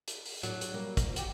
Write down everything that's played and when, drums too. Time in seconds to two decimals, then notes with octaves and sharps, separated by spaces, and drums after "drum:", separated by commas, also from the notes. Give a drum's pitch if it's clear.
0.08 drum: hi-hat
0.26 drum: open hi-hat
0.43 A2 F#3 D4 F#4, drum: hi-hat
0.61 drum: hi-hat
0.74 G3 A#3
0.97 F3, drum: kick, hi-hat
1.16 F#4 G4, drum: hi-hat